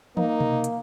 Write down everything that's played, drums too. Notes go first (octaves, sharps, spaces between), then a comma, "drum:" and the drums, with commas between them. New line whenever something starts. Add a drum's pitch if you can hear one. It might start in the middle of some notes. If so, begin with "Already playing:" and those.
A#3 D#4, drum: tom E3
drum: tom B2
drum: hi-hat